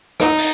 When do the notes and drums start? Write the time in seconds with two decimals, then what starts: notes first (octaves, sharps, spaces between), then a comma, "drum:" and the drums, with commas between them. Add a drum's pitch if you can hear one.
0.20 D#4, drum: rim click
0.38 drum: open hi-hat